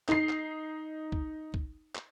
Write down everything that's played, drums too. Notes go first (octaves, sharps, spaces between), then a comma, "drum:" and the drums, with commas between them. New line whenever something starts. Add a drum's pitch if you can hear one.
D#4 C7, drum: clap
drum: clap
drum: kick
drum: kick
drum: clap